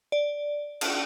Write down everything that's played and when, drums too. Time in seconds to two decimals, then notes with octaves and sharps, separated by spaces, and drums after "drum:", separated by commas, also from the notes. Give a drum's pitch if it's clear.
0.12 D5
0.81 drum: cymbal